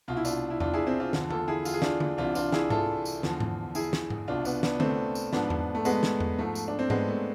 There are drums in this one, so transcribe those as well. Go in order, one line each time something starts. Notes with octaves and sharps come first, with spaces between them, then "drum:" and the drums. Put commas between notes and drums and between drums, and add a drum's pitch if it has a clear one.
C2 B2 F4
E4
D4 F4, drum: tambourine
E4
D4 F4, drum: tom E2
E4 G#4
C4 E4
D4 F4
E2 D3 F3, drum: snare
F4 A4, drum: tom D3
E4 G#4
F4, drum: tambourine
G#4
D4 F4, drum: snare
drum: tom D3
C2 C3 E3 D4 F4
D4 F4, drum: tambourine
E4 G#4, drum: snare
F4 A4, drum: tom G#2
drum: tambourine
E2 D3 F3, drum: snare
drum: tom G#2
E4 G#4, drum: tambourine
drum: snare
drum: tom G#2
C2 B2 D4 F4
B3 D4, drum: tambourine
B3 D4, drum: snare
A3 C4, drum: tom D3
drum: tambourine
G#2 F3 B3 D4, drum: snare
drum: tom E2
A3
G#3 B3, drum: tambourine
drum: snare
drum: tom E2
G#2 F3 A3
drum: tambourine
D4
C4
G#3 B3, drum: tom G#2
A3